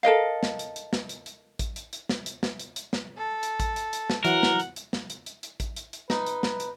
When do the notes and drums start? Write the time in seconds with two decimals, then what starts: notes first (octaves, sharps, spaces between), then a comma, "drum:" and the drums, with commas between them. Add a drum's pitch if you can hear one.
0.03 A4 A#4 D#5 F5
0.43 drum: snare
0.59 drum: hi-hat
0.76 drum: hi-hat
0.93 drum: snare
1.09 drum: hi-hat
1.26 drum: hi-hat
1.59 drum: kick A1, hi-hat
1.76 drum: hi-hat
1.93 drum: hi-hat
2.09 drum: snare
2.26 drum: hi-hat
2.43 drum: snare
2.59 drum: hi-hat
2.76 drum: hi-hat
2.93 drum: snare
3.17 A4
3.43 drum: hi-hat
3.60 drum: kick A1, hi-hat
3.76 drum: hi-hat
3.93 drum: hi-hat
4.10 drum: snare
4.25 E3 F#3 A#4 F#5, drum: hi-hat
4.43 drum: snare
4.60 drum: hi-hat
4.76 drum: hi-hat
4.93 drum: snare
5.10 drum: hi-hat
5.26 drum: hi-hat
5.43 drum: hi-hat
5.60 drum: kick A1, hi-hat
5.76 drum: hi-hat
5.93 drum: hi-hat
6.10 D#4 B4, drum: snare
6.26 drum: hi-hat
6.43 drum: snare
6.60 drum: hi-hat